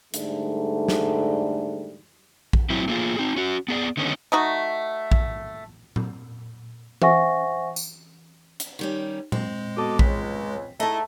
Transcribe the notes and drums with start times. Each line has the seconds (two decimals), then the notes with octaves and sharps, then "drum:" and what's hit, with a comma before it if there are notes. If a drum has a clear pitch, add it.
0.14 G#2 D3 G3 A3, drum: hi-hat
0.88 drum: snare
2.53 drum: kick A#1
2.70 F#3 C4 E4
2.88 A3 A#3 D#4 F4 G#4
3.19 C4 D#4
3.36 C#4 F#4
3.68 B3 G#4 D5
3.97 D3 D#3 B3 C#4 D#4
4.32 A3 D#4 F#4
5.12 drum: kick A#1
5.96 drum: tom A#2
7.02 C5 E5 F#5 G#5 C#6 A#6, drum: tom E3
7.76 drum: tambourine
8.60 drum: hi-hat
8.79 D#3 G3 C#4
9.32 G#3 C4, drum: tom A#2
9.77 B3 F#4 A4 D#5 A5 D6
9.99 C#2 B6, drum: kick A#1
10.80 G#2 A3 E4 D#5 A5 A#5